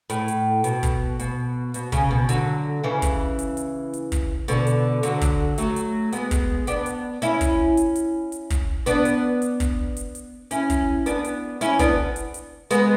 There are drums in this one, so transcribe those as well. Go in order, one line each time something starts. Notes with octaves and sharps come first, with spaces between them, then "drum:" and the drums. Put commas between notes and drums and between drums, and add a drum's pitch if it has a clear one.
A2, drum: hi-hat
drum: hi-hat
B2, drum: hi-hat
drum: kick, hi-hat
B2, drum: hi-hat
B2, drum: hi-hat
C#3, drum: kick, hi-hat
B2
D3 F#3, drum: hi-hat
C#3 E3
drum: kick, hi-hat
drum: hi-hat
drum: hi-hat
drum: hi-hat
drum: kick, hi-hat
B2 D3, drum: hi-hat
drum: hi-hat
D3 F#3, drum: hi-hat
drum: kick, hi-hat
F#3 A3, drum: hi-hat
drum: hi-hat
G#3 B3, drum: hi-hat
drum: kick, hi-hat
B3 D4, drum: hi-hat
drum: hi-hat
C#4 E4, drum: hi-hat
drum: kick, hi-hat
drum: hi-hat
drum: hi-hat
drum: hi-hat
drum: kick, hi-hat
B3 D4, drum: hi-hat
drum: hi-hat
drum: hi-hat
drum: kick, hi-hat
drum: hi-hat
drum: hi-hat
C#4 E4, drum: hi-hat
drum: kick, hi-hat
B3 D4, drum: hi-hat
drum: hi-hat
C#4 E4, drum: hi-hat
B3 D4, drum: kick, hi-hat
drum: hi-hat
drum: hi-hat
G#3 B3, drum: hi-hat